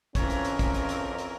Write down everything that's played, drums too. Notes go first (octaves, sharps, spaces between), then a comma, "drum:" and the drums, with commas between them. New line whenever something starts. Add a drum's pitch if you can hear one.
F2 E3 C#4 A#4 C#5, drum: kick, hi-hat
drum: hi-hat
drum: hi-hat
drum: kick, hi-hat
drum: hi-hat
drum: hi-hat
drum: hi-hat